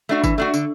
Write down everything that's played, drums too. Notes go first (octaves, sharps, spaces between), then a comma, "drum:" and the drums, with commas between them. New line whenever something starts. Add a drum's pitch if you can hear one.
A3 D4 F#4
E3, drum: kick G1, tambourine
A3 D4 F#4
D3, drum: tambourine